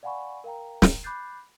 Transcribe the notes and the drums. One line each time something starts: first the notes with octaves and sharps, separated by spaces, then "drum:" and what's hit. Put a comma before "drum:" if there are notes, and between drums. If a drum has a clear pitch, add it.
D5 F5 F#5 G#5 B5 C#6
A#4 F5 G5 A#5
drum: snare
B5 D6 F#6 G6 A6 C7